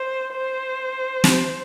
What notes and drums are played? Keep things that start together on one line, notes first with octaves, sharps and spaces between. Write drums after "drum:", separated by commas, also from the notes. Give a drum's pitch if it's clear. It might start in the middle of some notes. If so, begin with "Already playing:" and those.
Already playing: C5
C5
drum: snare